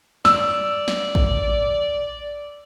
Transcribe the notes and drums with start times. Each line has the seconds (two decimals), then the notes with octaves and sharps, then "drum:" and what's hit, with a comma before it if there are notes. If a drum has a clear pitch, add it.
0.25 D5 E6, drum: snare
0.88 drum: snare
1.15 drum: kick A1